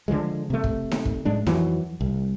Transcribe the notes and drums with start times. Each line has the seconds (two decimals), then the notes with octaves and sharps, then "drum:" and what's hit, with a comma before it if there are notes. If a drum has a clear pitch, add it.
0.08 D3 E3 F3 G#3
0.50 C3 A3
0.64 drum: kick
0.91 drum: snare D#4
1.05 drum: kick
1.25 A2 G#3 D4
1.46 F2 E3 F#3, drum: snare D#4
2.01 C2